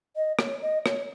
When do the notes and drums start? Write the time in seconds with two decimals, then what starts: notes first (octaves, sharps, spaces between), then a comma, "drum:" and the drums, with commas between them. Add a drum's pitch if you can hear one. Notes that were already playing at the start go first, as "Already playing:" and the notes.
0.16 D#5
0.39 C#5, drum: rim click
0.62 D#5
0.86 C#5, drum: rim click